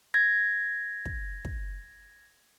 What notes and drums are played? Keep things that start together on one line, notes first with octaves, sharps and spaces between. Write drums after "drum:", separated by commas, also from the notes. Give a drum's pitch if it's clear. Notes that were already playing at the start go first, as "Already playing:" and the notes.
G#6 A#6
drum: kick
drum: kick